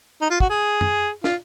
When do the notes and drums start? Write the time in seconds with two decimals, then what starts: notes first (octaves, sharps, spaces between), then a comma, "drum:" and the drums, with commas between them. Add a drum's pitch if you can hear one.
0.22 D#4
0.30 F4
0.40 F#4, drum: kick
0.50 G#4
0.81 drum: tom
1.24 F4, drum: snare